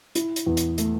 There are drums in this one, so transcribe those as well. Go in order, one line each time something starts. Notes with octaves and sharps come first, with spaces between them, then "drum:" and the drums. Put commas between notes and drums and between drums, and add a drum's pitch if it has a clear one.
E4, drum: hi-hat
drum: hi-hat
E2
drum: hi-hat
A3, drum: hi-hat